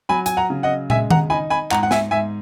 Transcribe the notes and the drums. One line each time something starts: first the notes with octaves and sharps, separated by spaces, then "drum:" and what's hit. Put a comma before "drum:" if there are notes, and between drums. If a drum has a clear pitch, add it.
F#3 G#5 B5
G#5, drum: hi-hat
F#5 A#5
C#3
D#5 F#5
G#3 E5 G#5, drum: tom
F#5 A#5, drum: tom D#3
D#4 G#5 B5
G#5 B5
G#2 F#5 A#5, drum: clap
F#5
E5 G#5, drum: snare
G#2 E5 G#5